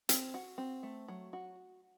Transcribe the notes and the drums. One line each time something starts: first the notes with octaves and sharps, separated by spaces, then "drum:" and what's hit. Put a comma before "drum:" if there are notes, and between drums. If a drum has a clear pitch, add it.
C4, drum: hi-hat
F#4
C4
A3
F#3
F#4